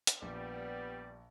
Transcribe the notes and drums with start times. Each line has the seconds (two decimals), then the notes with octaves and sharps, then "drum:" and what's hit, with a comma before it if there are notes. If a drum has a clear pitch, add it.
0.07 drum: hi-hat
0.22 A#1 G3 B3 D5